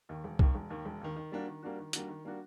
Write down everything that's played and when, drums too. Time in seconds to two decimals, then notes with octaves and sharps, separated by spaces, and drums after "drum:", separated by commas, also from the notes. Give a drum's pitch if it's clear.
0.09 D#2 D#3
0.24 E1
0.39 D#2 D#3, drum: kick
0.55 E1
0.70 D#2 D#3
0.85 E1
1.01 D#2 D#3
1.16 D#3
1.32 G3 A#3 D4 F#4
1.47 D#3
1.63 G3 A#3 D4 F#4
1.78 D#3
1.93 G3 A#3 D4 F#4, drum: hi-hat
2.09 D#3
2.25 G3 A#3 D4 F#4